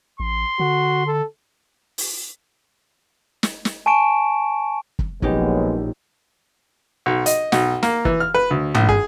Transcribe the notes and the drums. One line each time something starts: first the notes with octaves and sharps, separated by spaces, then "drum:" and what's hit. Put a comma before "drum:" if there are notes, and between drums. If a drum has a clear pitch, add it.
A1 C6
D3 F#4
A4
drum: open hi-hat
drum: snare
drum: snare
G#5 A5 C#6 D7 E7
drum: kick
A#1 F#3 G#3 B3 C#4 D#4 G4, drum: kick
B1
D#5, drum: hi-hat
B1, drum: snare
A#3, drum: snare
E3, drum: kick
F6
B4
D2
A#1, drum: tom
G#4, drum: kick